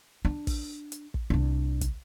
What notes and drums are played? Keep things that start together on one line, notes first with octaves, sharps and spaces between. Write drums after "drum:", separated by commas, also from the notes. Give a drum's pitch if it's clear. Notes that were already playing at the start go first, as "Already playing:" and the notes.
D4
drum: kick, open hi-hat
drum: hi-hat
drum: kick
C2 D4
drum: kick, hi-hat